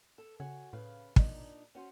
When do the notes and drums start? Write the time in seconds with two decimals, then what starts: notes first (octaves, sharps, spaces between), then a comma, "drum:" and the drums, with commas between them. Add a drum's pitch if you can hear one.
0.18 A4
0.40 C#3 F#4 C#5 G#5
0.73 A2 C#3 B4 F5
1.16 A#2 D4 D#4 D#5, drum: kick
1.75 C#4 F#4 C5